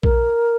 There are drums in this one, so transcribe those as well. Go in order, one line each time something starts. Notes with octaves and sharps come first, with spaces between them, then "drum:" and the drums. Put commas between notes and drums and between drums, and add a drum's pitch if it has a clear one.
A#4, drum: kick A#1